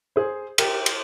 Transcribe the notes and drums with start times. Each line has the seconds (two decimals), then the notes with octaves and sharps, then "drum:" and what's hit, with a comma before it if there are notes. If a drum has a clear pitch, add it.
0.16 G#4 C5
0.58 G4 A#4, drum: cymbal
0.86 drum: cymbal